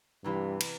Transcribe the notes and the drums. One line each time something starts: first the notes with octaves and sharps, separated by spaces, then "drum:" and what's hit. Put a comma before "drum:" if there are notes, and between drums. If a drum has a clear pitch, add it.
G2 C3 E3 B3
drum: cymbal